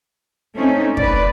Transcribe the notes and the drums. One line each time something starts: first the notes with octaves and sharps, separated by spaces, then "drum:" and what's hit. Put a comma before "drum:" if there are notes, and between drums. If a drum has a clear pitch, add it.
A3 C4 C#4 D#4
B4 D5, drum: kick